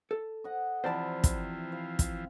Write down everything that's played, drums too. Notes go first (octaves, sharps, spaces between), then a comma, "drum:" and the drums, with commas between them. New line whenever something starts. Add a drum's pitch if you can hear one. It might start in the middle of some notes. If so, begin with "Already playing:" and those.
A4
D#5 F#5
C3 E3 F3 E4 C5 D5 A5
drum: kick, hi-hat
F5
drum: kick, hi-hat